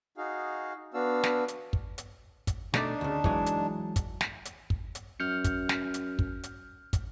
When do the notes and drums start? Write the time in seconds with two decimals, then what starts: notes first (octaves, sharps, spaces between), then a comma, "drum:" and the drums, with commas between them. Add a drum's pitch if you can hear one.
0.17 D#4 F#4 G#4 F5
0.94 B3 D4 F#4 F5 E6
1.23 drum: snare
1.48 drum: hi-hat
1.73 drum: kick
1.98 drum: hi-hat
2.47 drum: kick, hi-hat
2.74 B2 A3 D4 D#4 D5 A5, drum: snare
3.01 D2 C#3
3.24 E3 F#3 G#3, drum: kick
3.46 drum: hi-hat
3.96 drum: kick, hi-hat
4.21 drum: snare
4.45 drum: hi-hat
4.70 drum: kick
4.95 drum: hi-hat
5.20 F#2 F6 G6 C#7
5.44 drum: kick, hi-hat
5.69 drum: snare
5.94 drum: hi-hat
6.19 drum: kick
6.43 drum: hi-hat
6.93 drum: kick, hi-hat